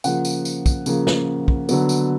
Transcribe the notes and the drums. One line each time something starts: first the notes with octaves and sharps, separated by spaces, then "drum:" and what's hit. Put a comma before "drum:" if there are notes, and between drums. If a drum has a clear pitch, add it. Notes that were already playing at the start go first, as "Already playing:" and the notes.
C#3 F3 A#3 F#5, drum: tambourine
drum: tambourine
drum: tambourine
drum: kick, tambourine
C#3 F3 A#3, drum: tambourine
drum: snare
drum: kick
D3 F#3 B3, drum: tambourine
drum: tambourine